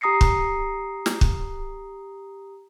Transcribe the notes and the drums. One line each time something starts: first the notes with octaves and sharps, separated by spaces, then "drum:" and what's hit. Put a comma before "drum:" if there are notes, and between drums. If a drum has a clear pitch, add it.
G4 A#5 D#6 A#6 C7 C#7
drum: kick
drum: snare
drum: kick